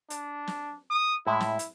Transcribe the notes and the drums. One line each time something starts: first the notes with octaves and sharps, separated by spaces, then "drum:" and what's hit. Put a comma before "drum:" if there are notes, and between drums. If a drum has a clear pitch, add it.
D4, drum: hi-hat
drum: snare
D#6
A2 G#3 E4
drum: snare
drum: hi-hat